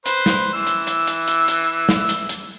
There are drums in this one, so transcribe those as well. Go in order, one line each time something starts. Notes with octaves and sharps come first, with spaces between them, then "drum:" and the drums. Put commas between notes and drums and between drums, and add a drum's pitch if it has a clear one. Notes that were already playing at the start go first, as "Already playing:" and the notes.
B4 C5, drum: hi-hat
drum: snare
E3 E6
drum: hi-hat
drum: hi-hat
drum: hi-hat
drum: hi-hat
drum: hi-hat
drum: snare
drum: hi-hat
drum: hi-hat